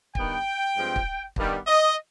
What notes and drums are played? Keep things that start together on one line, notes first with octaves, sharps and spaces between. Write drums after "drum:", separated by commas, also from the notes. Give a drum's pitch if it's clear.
G2 D#3 B3 G5, drum: kick
G2 F3 G#3 C4
drum: kick
G2 D#3 G3 B3, drum: kick
D#5